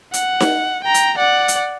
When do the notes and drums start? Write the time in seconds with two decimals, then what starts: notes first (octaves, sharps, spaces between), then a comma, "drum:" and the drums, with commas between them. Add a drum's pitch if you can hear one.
0.14 F#5, drum: hi-hat
0.40 drum: snare D#4
0.84 G5 A#5
0.94 drum: hi-hat
1.18 D5 F#5
1.48 drum: hi-hat